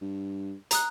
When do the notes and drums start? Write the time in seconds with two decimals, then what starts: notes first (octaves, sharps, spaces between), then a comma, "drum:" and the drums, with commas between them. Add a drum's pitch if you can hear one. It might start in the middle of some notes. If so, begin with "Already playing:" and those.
0.01 G2
0.71 A#5 D#6 F#6, drum: hi-hat